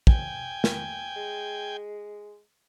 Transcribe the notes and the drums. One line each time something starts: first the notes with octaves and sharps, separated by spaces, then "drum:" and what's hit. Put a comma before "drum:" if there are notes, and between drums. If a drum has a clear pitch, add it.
G5 G#5, drum: kick
drum: snare
G#3